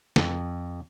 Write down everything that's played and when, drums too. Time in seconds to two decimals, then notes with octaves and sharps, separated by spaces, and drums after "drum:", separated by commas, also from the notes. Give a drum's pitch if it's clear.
0.16 F2, drum: snare